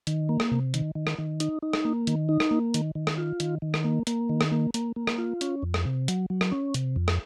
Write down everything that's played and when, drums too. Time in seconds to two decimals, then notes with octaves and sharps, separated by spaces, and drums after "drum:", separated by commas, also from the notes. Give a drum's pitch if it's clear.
0.07 D#3, drum: hi-hat
0.29 A#3
0.40 drum: rim click
0.51 C3
0.74 D#3, drum: hi-hat
0.95 D#3
1.07 drum: rim click
1.18 D#3
1.40 D#4, drum: hi-hat
1.62 D#4
1.73 drum: rim click
1.85 A#3
2.07 D#3, drum: hi-hat
2.29 D#4
2.40 drum: rim click
2.51 A#3
2.74 D#3, drum: hi-hat
2.95 D#3
3.07 drum: rim click
3.18 F4
3.40 D#3, drum: hi-hat
3.62 D#3
3.74 drum: rim click
3.84 A#3
4.07 A#3, drum: hi-hat
4.29 D#3
4.41 drum: rim click
4.51 A#3
4.74 A#3, drum: hi-hat
4.96 A#3
5.07 drum: rim click
5.18 F4
5.41 C#4, drum: hi-hat
5.62 F2
5.74 drum: rim click
5.86 C3
6.08 F#3, drum: hi-hat
6.30 F#3
6.41 drum: rim click
6.52 C#4
6.74 C3, drum: hi-hat
6.96 F2
7.08 drum: rim click